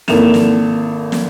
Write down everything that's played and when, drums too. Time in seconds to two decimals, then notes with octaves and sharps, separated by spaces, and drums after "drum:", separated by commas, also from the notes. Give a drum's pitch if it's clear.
0.08 G#1 A#3 E4 A4 E7 F7, drum: snare
0.34 drum: snare
1.12 drum: snare